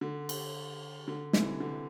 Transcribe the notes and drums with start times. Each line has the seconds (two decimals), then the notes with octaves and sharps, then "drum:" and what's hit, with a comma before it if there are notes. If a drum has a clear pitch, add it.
0.01 D3
0.29 drum: cymbal
1.08 D3
1.33 C3 E3, drum: snare
1.60 D3